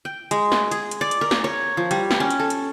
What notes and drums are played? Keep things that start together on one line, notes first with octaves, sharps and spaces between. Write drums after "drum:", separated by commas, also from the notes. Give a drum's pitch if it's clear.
G5
G#3, drum: hi-hat
drum: snare
G#4, drum: hi-hat
drum: hi-hat
D5
drum: hi-hat
A#4
drum: snare
C#5
F3
G3, drum: hi-hat
drum: snare
C#4
drum: hi-hat
A4
drum: hi-hat